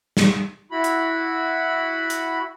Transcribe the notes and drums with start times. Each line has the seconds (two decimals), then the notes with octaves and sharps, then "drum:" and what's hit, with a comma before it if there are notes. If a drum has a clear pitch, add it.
0.17 drum: snare
0.71 E4 F#4 B5
0.84 drum: hi-hat
2.10 drum: hi-hat